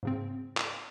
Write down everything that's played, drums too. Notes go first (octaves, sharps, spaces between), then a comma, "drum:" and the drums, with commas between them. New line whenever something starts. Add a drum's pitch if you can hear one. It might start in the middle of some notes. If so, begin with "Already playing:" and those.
G#2 C#3 C4
drum: clap